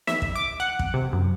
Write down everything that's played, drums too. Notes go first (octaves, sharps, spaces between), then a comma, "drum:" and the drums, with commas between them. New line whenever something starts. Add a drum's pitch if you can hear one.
E5, drum: snare
drum: kick
D6
F#5
drum: kick
C3
F#2